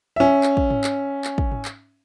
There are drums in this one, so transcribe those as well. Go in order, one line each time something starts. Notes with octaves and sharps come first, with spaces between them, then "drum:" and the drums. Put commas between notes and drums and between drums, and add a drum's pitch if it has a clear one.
C#4 E5
drum: clap
drum: kick
drum: tom G#2
drum: clap
drum: clap
drum: kick
drum: tom G#2
drum: clap